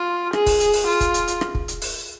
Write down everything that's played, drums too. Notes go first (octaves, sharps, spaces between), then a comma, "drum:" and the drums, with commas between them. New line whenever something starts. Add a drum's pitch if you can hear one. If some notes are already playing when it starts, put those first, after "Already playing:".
Already playing: F4
G#4, drum: rim click
drum: kick, open hi-hat
drum: hi-hat
drum: open hi-hat
F4
drum: kick, hi-hat
drum: hi-hat
drum: hi-hat
drum: rim click
drum: kick
drum: hi-hat
drum: open hi-hat